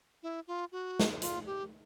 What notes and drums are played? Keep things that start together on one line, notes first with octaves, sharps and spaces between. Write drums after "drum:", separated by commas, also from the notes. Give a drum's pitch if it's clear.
E4
F4
F#4
drum: snare
F4, drum: hi-hat
G4